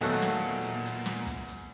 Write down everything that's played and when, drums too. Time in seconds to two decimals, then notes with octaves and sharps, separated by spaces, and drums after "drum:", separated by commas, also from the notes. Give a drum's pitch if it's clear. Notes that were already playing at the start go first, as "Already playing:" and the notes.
0.01 E2 A#2 D#3 F#3 A3 F#4 A4 F#5, drum: open hi-hat
0.22 drum: snare
0.64 drum: hi-hat
0.85 drum: hi-hat
1.06 drum: snare
1.27 drum: kick, hi-hat
1.47 drum: hi-hat